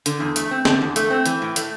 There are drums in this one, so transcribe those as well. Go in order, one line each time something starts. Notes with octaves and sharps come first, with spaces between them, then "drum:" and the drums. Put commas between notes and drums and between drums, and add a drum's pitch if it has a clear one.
D3, drum: hi-hat
E2
A3, drum: hi-hat
C4
D3, drum: snare
E2
A3, drum: hi-hat
C4
E3, drum: hi-hat
A2
A3, drum: hi-hat